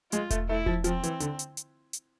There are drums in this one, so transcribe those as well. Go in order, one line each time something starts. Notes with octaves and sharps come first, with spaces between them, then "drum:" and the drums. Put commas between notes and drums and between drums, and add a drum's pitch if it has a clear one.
G#3 F4, drum: hi-hat
A3, drum: kick E1, hi-hat
A3 E4
F3, drum: kick E1
F3 C4, drum: hi-hat
E3, drum: hi-hat
D3, drum: hi-hat
drum: hi-hat
drum: hi-hat
drum: hi-hat